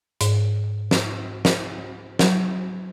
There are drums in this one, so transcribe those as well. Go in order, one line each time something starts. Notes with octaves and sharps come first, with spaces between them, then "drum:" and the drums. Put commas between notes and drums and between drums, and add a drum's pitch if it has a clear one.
G#2, drum: hi-hat
drum: snare
drum: snare
F#3, drum: snare